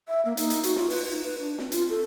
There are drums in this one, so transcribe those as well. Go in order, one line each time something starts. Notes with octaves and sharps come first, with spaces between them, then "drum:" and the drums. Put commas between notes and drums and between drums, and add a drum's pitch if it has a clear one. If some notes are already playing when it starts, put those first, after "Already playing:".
E5
A#3
D#4, drum: hi-hat
drum: hi-hat
F#4, drum: hi-hat
F4, drum: snare
B4, drum: open hi-hat
D#4
B4
D4
C4, drum: snare
F4, drum: hi-hat
A4